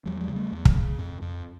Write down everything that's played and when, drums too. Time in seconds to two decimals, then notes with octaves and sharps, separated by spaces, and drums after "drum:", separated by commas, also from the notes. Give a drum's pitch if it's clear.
0.06 E2 F3 G3
0.21 F#3 G#3
0.28 C#3
0.36 G3 A3
0.52 E2
0.65 drum: kick
0.76 C#3
0.99 F2
1.22 F2